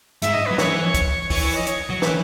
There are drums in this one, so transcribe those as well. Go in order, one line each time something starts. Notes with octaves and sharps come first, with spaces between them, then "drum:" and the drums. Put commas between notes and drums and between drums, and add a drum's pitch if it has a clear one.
G#2 E5, drum: hi-hat
D#5
B4
F#3
E3 C#5, drum: snare
drum: kick, hi-hat
E3 C#5, drum: kick, open hi-hat
C#5
D#5
C#5, drum: hi-hat
F#3
E3 B4, drum: snare